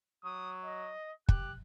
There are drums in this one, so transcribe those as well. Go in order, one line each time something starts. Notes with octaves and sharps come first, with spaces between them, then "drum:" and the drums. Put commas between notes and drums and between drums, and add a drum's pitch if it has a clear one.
F#3 D#6
D#5
G4 F#6, drum: kick